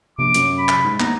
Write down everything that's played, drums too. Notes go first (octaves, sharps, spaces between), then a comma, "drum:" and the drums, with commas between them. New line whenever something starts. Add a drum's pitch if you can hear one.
A#1 C3 D6
F#2, drum: hi-hat
B5
drum: clap
G#2
D#2 B3 A#5, drum: clap